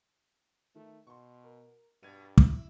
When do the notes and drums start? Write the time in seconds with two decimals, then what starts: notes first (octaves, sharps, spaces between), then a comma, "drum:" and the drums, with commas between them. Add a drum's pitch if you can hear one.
0.75 D#3 A3
1.07 B2 C6 C#6
1.44 A#4
2.03 G2 B2 G#6 D#7
2.38 E4, drum: kick